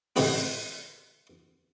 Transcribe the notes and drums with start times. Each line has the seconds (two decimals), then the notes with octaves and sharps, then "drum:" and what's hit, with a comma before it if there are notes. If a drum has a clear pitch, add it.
0.16 G#2 C3 D#3 E3 A3 D4, drum: open hi-hat